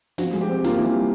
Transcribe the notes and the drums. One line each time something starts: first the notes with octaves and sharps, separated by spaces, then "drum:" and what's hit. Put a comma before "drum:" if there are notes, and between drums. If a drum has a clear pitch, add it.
F3 F#4, drum: snare
G#3
G4
C4
A#3 F4, drum: snare
E3
G3